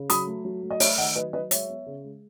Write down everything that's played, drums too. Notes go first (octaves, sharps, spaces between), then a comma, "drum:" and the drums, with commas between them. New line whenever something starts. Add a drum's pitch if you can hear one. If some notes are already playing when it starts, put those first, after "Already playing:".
Already playing: C#3
F#3 B5 D#6, drum: hi-hat
A3
F#3
A3
D#5
A3 C#5 E5, drum: open hi-hat
D#3 D#5 F#5
F#3 B4 D#5
F#3 B4 D#5
G#3 C#5 E5, drum: hi-hat
B3
C#3
G#3